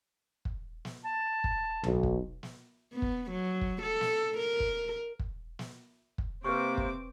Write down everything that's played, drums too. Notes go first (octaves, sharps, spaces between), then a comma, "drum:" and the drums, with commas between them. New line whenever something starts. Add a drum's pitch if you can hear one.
drum: kick
drum: snare
A5
drum: kick
B1, drum: tom C#2
drum: kick
drum: snare
B3
drum: kick
F#3
drum: kick
A4
drum: snare
A#4
drum: kick
drum: kick
drum: snare
drum: kick
C3 A#3 C4 B4 C#6 D6
drum: kick